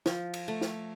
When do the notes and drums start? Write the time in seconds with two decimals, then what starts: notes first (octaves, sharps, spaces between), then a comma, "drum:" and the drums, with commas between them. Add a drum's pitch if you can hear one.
0.06 F3, drum: snare
0.34 drum: cymbal
0.48 A3
0.61 drum: snare